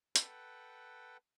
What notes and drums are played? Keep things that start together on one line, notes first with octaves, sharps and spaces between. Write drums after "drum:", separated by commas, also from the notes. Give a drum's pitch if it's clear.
A4 B4 F#5 G5, drum: hi-hat